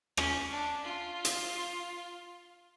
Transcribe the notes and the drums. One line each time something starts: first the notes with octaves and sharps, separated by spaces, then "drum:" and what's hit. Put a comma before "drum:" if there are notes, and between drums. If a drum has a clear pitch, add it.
C#4, drum: rim click
D4
F4
drum: hi-hat